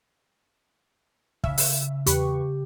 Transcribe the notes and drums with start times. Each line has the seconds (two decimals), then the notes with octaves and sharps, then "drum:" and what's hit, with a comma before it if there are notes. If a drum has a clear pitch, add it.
1.44 C#3 E5, drum: kick
1.58 drum: open hi-hat
2.06 E2 G4 B4 C#6, drum: hi-hat